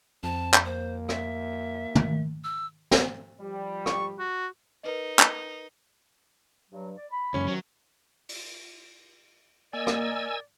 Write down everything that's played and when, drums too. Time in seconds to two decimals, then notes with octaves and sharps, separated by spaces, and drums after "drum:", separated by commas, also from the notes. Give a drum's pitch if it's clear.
0.23 F2 C4 A5
0.54 drum: clap
0.65 A#3 C5
1.09 E5, drum: rim click
1.95 drum: tom
2.44 E6
2.91 drum: snare
3.40 F3 G3
3.86 C#6, drum: rim click
4.19 F#4
4.83 D#4 A#4 B4 D#5
5.19 drum: clap
6.71 G2 F#3
6.97 D5
7.12 B5
7.34 C#2 F#2 C#4
7.48 C3 D#3 F#3
8.29 drum: open hi-hat
9.73 A#3 A#4 D5 D#5 G#5 E6
9.87 drum: rim click